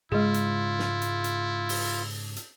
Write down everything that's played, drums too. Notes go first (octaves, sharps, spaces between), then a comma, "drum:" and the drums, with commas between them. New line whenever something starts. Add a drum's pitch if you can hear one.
G#2 C#3 G#3 E4 F4 G#4
drum: hi-hat
drum: snare
drum: hi-hat
drum: hi-hat
drum: open hi-hat
drum: hi-hat